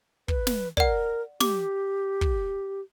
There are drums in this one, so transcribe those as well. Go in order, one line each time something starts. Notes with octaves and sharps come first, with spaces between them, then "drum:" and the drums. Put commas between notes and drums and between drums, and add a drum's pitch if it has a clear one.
B4, drum: kick
drum: snare
A#4 D5 F#5, drum: kick
G4 D6, drum: snare
drum: kick